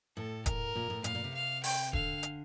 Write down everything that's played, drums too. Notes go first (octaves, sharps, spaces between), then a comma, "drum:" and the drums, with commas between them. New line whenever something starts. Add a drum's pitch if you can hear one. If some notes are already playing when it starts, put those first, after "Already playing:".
A2 A4
A#4, drum: kick D#1, hi-hat
A#2
A2
A2 F5, drum: hi-hat
A#2
C3
F5
G5, drum: open hi-hat
D3 F5, drum: kick D#1
drum: hi-hat